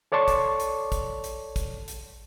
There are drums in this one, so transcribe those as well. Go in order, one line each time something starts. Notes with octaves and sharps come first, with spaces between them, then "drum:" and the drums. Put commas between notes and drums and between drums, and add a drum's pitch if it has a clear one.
A4 C#5 D5 A5 C6 C#6
drum: kick, hi-hat
drum: hi-hat
drum: kick, hi-hat
drum: hi-hat
drum: kick, hi-hat
drum: hi-hat